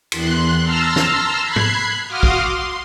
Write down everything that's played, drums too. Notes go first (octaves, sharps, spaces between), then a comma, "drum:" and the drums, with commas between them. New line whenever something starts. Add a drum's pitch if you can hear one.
E2 C6 F#6, drum: cymbal
A5 A#5 C6 E6 F6
drum: snare
B5 F#6 G#6 C7
drum: tom G#2
F#4 F5 C6 D6 D#6 F6
drum: kick B1
C6